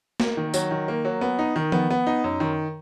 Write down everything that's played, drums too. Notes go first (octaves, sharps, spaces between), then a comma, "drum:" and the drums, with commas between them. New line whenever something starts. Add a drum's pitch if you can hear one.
A#3, drum: snare
D#3
F#3, drum: tambourine
D#3
A#3
F#3
B3
D#4
D#3
B3, drum: tom F3
B3
D#4
F#2
D#3